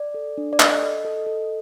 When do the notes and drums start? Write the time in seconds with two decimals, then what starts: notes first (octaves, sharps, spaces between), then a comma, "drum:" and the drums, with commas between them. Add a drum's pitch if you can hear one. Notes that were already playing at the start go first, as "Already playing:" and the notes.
Already playing: D5
0.14 A4
0.38 D4
0.53 D5
0.60 A4 D#5, drum: clap
0.83 A4
1.05 A4
1.26 A4